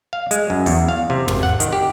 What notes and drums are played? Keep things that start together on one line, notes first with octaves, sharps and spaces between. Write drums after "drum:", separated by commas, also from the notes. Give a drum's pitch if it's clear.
F5
G#3, drum: hi-hat
F#2
E2, drum: open hi-hat
F5
C3
G#1, drum: tom
F#5
D#3, drum: hi-hat
G4